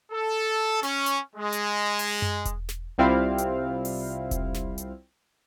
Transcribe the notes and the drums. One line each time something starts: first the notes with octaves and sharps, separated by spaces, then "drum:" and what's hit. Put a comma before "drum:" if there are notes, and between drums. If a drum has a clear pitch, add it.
A4
C#4, drum: snare
drum: hi-hat
G#3
drum: hi-hat
drum: open hi-hat
drum: tom F#2
drum: kick E1, hi-hat
drum: snare
C2 G3 C4 E4 F4 F5
drum: hi-hat
drum: open hi-hat
drum: kick E1, hi-hat
drum: snare
drum: hi-hat